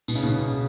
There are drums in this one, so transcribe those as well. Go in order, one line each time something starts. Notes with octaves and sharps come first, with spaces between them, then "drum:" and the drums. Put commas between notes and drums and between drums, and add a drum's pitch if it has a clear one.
B2, drum: tambourine
C#3
B2
C#3
B2
C#3